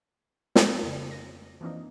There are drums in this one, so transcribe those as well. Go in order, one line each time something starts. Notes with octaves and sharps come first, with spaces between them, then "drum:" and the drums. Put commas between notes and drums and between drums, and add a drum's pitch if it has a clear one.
drum: snare
F2 C#3
A#6
E3 F3 A#3 C4 D4 D#4